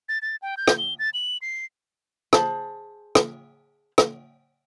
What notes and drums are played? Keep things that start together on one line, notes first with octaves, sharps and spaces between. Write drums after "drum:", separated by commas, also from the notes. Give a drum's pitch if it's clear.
A6
A6
G5
G6
drum: rim click
G7
A6
F#7
C7
G#4 C5 A5 B5, drum: rim click
drum: rim click
drum: rim click